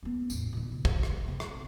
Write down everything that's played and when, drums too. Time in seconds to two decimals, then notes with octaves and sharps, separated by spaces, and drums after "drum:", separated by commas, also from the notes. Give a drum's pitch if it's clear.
0.03 B3 C#4
0.30 A1 E2, drum: tambourine
0.53 A#2 D#3
0.72 C#3
0.85 drum: kick
1.03 drum: rim click
1.26 C3 C4
1.40 drum: rim click